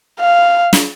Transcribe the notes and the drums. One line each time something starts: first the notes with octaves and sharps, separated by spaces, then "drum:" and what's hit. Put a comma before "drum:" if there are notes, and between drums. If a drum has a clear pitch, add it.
F5
drum: snare